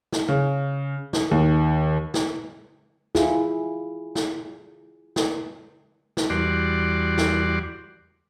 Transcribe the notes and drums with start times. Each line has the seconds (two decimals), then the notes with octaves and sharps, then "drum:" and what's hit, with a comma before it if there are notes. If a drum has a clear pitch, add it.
0.12 drum: snare
0.28 C#3
1.13 drum: snare
1.31 D#2
2.14 drum: snare
3.15 E4 F4 G#4, drum: snare
4.15 drum: snare
5.16 drum: snare
6.17 drum: snare
6.30 E2 G3 F#4 D5 C6
7.18 drum: snare